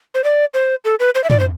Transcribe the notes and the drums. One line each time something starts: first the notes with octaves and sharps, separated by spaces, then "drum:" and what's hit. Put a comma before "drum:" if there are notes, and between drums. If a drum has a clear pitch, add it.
C5
D5
C5
A4
B4
C5
E5
D5, drum: tom
C5